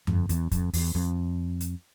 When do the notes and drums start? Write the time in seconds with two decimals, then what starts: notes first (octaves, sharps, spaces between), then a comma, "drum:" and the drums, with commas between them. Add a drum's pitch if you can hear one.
0.07 F2, drum: tom F#2
0.29 E2, drum: hi-hat
0.51 F2, drum: kick, hi-hat
0.73 E2, drum: open hi-hat
0.95 F2
1.60 drum: hi-hat